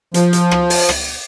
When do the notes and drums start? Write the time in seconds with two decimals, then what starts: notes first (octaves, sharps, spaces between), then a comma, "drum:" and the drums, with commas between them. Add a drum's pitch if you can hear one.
0.14 F3, drum: hi-hat
0.33 drum: hi-hat
0.51 drum: rim click
0.70 drum: open hi-hat
0.89 drum: rim click